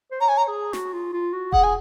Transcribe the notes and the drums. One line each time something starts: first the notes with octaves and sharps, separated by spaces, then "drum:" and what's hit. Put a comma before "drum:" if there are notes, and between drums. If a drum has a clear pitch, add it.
C5
C#5 A#5
G#5
A#5
G#4
F#4, drum: snare
F4
F4
F#4
G#4 F#5, drum: kick E1
G#5